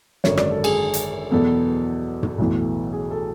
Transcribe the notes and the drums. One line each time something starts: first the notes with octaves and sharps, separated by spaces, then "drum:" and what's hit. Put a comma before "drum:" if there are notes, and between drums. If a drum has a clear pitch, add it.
G#1 F#2 D3 G#3 C#5, drum: snare
D5, drum: rim click
A4
G#4, drum: cymbal
drum: hi-hat
E2 B2 F#3 B3 A4
drum: tom
B1 A2 E3 B3
G#4
A4